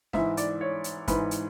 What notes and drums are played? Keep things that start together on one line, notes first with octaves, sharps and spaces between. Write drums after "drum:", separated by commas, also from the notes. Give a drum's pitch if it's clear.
G#2 E3 E5, drum: snare
D5, drum: hi-hat
C#5
drum: hi-hat
G#2 E3 B4, drum: kick, hi-hat
drum: hi-hat